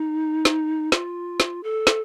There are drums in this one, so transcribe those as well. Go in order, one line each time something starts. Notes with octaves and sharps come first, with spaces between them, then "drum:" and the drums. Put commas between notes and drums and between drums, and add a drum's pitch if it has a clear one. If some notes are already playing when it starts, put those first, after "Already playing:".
Already playing: D#4
drum: snare
F4, drum: snare
drum: snare
A4
drum: snare